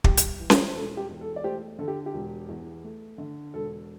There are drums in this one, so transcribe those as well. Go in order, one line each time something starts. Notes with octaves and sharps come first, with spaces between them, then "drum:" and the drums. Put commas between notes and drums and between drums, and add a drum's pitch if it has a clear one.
G3 G4, drum: kick
drum: hi-hat
E3
drum: snare C#4
C5
E1 A4
G4
E2
A4
D5
A3 G4 C5
D3 A4
G4
G4
E1
E2
A3
D3
E1 A4